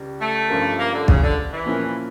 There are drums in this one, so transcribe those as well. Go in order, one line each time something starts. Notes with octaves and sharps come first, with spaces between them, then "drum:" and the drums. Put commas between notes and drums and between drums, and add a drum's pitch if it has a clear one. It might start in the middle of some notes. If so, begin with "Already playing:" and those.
Already playing: C#2 C#3 G3
A3
G2 F3 C#4 F4 A#4
A#3
D3
C#3, drum: kick
D3
E3
A#2 F3 C#4 E4 A#4